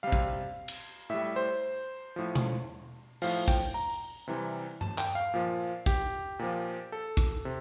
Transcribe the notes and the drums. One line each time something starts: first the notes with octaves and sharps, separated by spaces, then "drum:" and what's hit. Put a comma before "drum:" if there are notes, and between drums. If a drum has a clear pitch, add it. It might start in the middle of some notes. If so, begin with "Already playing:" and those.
C3 G3 F5
drum: kick
drum: cymbal
A2 G3 E5
C5
A2 F3
drum: tom B2
A2 F3 F5, drum: open hi-hat
G5, drum: kick
A#5
C3 E3 G3
A5, drum: tom G2
G5, drum: clap
F5
A#2 F3
G4, drum: kick
A#2 F3
A4
drum: kick
C3